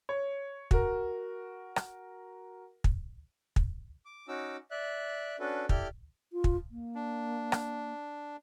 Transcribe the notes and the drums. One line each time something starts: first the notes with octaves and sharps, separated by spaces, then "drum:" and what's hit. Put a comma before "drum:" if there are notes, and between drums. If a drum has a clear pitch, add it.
C#5
F#4 A#4, drum: kick
drum: rim click
drum: kick
drum: kick
D6
C#4 D#4 F#4 D6 E6
D5 E5 F#6
C#4 D4 F#4 A4 B4
E4 G4 A4 D5 F6 G6, drum: kick
F4
drum: kick
A#3
D4
drum: rim click